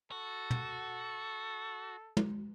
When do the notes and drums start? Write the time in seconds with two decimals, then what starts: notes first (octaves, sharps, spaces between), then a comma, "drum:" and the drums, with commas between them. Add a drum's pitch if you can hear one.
0.12 F#4 A4
0.50 drum: tom
2.17 drum: tom